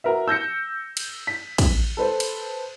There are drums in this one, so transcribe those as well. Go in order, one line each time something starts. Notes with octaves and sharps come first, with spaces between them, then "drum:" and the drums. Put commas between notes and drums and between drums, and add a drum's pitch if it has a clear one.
F#4 A#4 B4 E5
E6 G6 A#6 C#7
drum: cymbal
B6
drum: kick, cymbal
A4 B4 C5
drum: cymbal